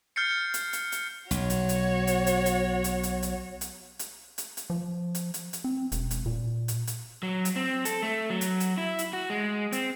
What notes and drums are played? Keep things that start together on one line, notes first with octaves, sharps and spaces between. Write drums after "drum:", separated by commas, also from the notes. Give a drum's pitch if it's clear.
F6 G6 A6 C7 C#7
drum: hi-hat
drum: hi-hat
drum: hi-hat
B1 F#4 C#5, drum: hi-hat
drum: hi-hat
drum: hi-hat
drum: hi-hat
drum: hi-hat
drum: hi-hat
drum: hi-hat
drum: hi-hat
drum: hi-hat
drum: hi-hat
drum: hi-hat
drum: hi-hat
drum: hi-hat
F3
drum: hi-hat
drum: hi-hat
drum: hi-hat
C4
E1, drum: hi-hat
drum: hi-hat
A#2
drum: hi-hat
drum: hi-hat
F#3
drum: hi-hat
C4
A4, drum: hi-hat
A3
F#3
drum: hi-hat
drum: hi-hat
E4
drum: hi-hat
F#4
G#3
C4, drum: hi-hat